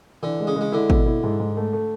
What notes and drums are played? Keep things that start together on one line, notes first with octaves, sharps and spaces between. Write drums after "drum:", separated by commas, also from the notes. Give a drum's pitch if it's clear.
D3 E3
G#3
C#3
G#3
C#3
D3 E4
B2, drum: kick
E4
G#2
G#2
A3
A3